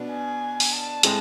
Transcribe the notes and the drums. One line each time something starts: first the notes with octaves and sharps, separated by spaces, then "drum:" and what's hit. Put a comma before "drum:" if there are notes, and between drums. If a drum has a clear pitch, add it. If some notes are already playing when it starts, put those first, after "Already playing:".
Already playing: B2 B3 D4
G#5
drum: open hi-hat
A5
A2 G#3 C4 G#4, drum: hi-hat